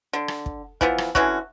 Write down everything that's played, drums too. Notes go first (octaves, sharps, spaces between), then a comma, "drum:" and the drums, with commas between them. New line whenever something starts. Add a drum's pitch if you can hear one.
D3
drum: rim click
drum: kick
E3 F3 B3, drum: kick
drum: rim click
D3 E3 C#4 F#4, drum: kick